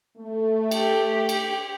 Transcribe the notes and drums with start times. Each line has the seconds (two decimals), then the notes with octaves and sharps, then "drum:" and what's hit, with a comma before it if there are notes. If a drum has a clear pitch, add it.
0.17 A3
0.71 G4, drum: cymbal
1.29 drum: cymbal